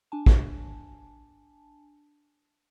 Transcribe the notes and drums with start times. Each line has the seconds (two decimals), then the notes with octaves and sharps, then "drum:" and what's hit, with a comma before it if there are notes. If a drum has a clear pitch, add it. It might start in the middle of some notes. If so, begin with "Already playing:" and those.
0.12 D4 G#5 A5
0.26 drum: kick